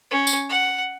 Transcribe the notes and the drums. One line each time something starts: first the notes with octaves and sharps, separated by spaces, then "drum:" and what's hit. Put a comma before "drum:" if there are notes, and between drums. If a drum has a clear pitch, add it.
C#4
drum: tambourine
F#5